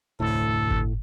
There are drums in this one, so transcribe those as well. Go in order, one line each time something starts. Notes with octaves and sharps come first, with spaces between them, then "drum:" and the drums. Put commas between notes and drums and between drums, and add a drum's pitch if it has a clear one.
F1 D2 A2 A4
drum: kick G1